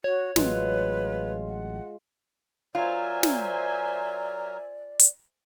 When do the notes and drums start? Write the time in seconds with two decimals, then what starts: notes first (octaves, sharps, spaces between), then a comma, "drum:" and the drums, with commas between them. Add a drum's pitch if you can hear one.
0.04 F#4 C#5
0.36 A1 F#3 G#3 F4 B4, drum: snare
1.47 F#5
2.75 F#3 F4 A#4 C5 D5 E5 G#5
3.23 drum: snare
4.99 drum: hi-hat